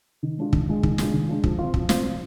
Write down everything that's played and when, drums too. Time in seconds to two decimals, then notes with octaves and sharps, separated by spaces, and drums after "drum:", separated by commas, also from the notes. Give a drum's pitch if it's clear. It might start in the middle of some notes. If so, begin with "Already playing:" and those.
0.23 D#3
0.38 G#3 D4 F4
0.53 D#3, drum: kick
0.69 G#3 D4 F4
0.83 D#3, drum: kick
0.98 G#3 D4 F4, drum: snare
1.13 D#3
1.29 G#3 D4 F4
1.44 F3, drum: kick
1.59 C4 F4
1.74 F3, drum: kick
1.89 C4 F4, drum: snare
2.04 F3